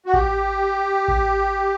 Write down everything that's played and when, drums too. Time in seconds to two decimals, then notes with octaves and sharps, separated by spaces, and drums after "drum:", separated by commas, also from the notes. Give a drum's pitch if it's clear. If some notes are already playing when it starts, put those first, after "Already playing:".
0.06 F#4
0.13 G4, drum: kick A1
1.08 drum: kick A1